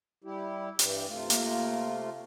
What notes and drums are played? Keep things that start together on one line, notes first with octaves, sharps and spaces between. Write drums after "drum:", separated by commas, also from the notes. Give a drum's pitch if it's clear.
G3 E4 G4
G2 E3 G4, drum: hi-hat
C3 A3 F4
A#3, drum: hi-hat